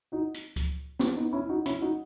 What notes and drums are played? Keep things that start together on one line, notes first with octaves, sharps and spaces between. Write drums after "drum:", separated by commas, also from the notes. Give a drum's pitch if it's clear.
D#4 F#4
drum: hi-hat
drum: kick C#2, hi-hat
C#4 E4, drum: snare
B3 D#4
C#4 E4
D#4 F#4
C#4 E4, drum: hi-hat
D#4 F#4